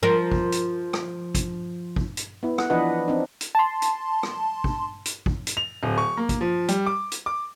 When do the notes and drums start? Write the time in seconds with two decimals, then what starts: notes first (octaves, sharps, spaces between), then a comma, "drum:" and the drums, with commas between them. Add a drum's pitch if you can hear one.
0.03 F3 A#4
0.32 drum: kick
0.52 drum: hi-hat
0.93 drum: rim click
1.35 drum: kick, hi-hat
1.96 drum: kick
2.17 drum: hi-hat
2.43 B3 E4
2.58 F#5, drum: rim click
2.70 E3 F3 D4 B4 D#5 F#5
3.08 C4 D4 D#4
3.41 drum: hi-hat
3.55 A5 C6
3.82 drum: hi-hat
4.23 drum: rim click
4.64 drum: kick
5.05 drum: hi-hat
5.26 drum: kick
5.47 drum: hi-hat
5.57 F7
5.83 D1
5.98 C#6
6.17 A#3
6.29 drum: kick, hi-hat
6.41 F3
6.68 G3, drum: hi-hat
6.86 D6
7.12 drum: hi-hat
7.26 D6